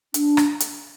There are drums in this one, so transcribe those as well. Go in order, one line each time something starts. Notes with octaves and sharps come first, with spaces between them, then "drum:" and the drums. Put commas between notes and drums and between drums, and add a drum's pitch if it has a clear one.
D4, drum: hi-hat
drum: rim click
drum: hi-hat